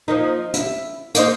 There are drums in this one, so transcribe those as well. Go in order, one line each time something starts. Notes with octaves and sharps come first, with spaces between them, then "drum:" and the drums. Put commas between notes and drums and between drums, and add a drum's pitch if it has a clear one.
F3 A#3 D#4
E4, drum: hi-hat
A#3 D#4 C5, drum: hi-hat